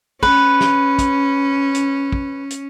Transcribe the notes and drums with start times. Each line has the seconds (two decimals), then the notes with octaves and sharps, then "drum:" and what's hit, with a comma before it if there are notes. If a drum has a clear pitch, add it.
0.23 C#4 B4, drum: kick
0.61 drum: snare
0.99 drum: kick, hi-hat
1.75 drum: hi-hat
2.12 drum: kick
2.50 drum: hi-hat